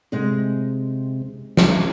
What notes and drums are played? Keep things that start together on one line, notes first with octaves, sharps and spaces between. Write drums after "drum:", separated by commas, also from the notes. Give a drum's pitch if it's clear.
C3 G#3 D#4
drum: snare